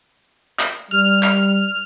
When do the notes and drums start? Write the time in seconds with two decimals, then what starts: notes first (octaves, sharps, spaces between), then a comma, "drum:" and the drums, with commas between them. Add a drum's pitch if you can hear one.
0.59 drum: clap
0.91 G3 F6
1.23 drum: clap